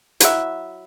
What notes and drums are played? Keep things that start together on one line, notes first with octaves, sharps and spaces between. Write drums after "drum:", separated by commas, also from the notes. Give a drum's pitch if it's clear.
F#3 E4 F#4 E5, drum: hi-hat